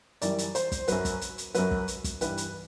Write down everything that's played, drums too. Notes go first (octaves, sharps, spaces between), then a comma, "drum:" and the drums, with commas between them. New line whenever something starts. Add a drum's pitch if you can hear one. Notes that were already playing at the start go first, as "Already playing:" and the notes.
F#2 E3 G3 D5, drum: hi-hat
drum: hi-hat
C5, drum: hi-hat
drum: kick, hi-hat
F#2 F#3 B4, drum: hi-hat
drum: kick, hi-hat
drum: hi-hat
drum: hi-hat
F#2 F#3 B4, drum: hi-hat
drum: kick
drum: hi-hat
drum: kick, hi-hat
G2 E3 G3 B4, drum: hi-hat
drum: hi-hat